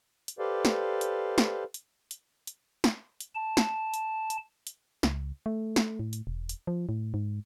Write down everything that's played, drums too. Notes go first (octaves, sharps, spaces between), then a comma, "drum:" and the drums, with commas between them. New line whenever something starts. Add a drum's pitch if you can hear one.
drum: hi-hat
G4 A4 B4 C5 D5 F5
drum: snare
drum: hi-hat
drum: snare
drum: hi-hat
drum: hi-hat
drum: hi-hat
drum: snare
drum: hi-hat
A5
drum: snare
drum: hi-hat
drum: hi-hat
drum: hi-hat
C#2, drum: snare
A3
drum: snare
A2
drum: hi-hat
E1
drum: hi-hat
F3
A2
G#2